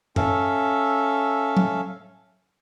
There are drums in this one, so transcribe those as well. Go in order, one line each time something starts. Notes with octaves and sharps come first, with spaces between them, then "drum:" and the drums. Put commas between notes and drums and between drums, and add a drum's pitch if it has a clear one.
C#4 A4 E5 F5, drum: tom F#2
drum: tom